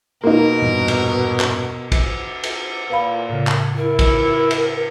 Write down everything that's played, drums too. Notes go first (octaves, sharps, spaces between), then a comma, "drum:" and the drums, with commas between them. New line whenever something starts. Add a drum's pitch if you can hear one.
B2 A#3 D#4 A#4
E2 G2 A#2
drum: cymbal
drum: clap
drum: kick, cymbal
drum: cymbal
A#2 B4 F5 B5
A2 C#3
drum: clap
E4 A#4
drum: kick, cymbal
drum: cymbal